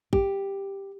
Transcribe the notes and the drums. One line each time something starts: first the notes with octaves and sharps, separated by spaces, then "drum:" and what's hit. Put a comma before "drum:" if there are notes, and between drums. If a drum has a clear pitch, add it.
G4, drum: kick A1